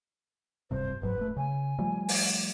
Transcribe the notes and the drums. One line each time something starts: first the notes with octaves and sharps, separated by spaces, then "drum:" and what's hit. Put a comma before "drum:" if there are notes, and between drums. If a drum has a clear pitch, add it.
D1 G2 C3 C5
F#1 G#2 F#3 B4
D#1 A3
C#3 G#5
F3 G3 A3
drum: open hi-hat